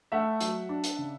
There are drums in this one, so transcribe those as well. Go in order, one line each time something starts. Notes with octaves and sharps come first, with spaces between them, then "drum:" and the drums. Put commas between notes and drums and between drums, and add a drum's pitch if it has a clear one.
A3 E5 F#5
F#3, drum: hi-hat
D4
drum: hi-hat
C#3